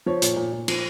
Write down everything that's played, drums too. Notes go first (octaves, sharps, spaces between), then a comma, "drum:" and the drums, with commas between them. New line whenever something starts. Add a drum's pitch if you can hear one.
F3 C#5
A#2, drum: hi-hat
A#2
A#2
F3, drum: cymbal